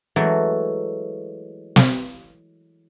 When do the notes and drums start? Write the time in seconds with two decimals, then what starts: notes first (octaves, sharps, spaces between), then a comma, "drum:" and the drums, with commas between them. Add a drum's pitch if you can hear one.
0.16 E3 F#3 G#3 A3 F#4
1.76 drum: snare